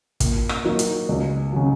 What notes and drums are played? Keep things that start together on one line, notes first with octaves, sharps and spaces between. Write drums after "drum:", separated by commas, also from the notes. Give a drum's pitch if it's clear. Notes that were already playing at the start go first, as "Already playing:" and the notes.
A#2, drum: kick, hi-hat
drum: rim click
F#3 A#3 D#4 F#4
drum: hi-hat
C#2
C#3 F#3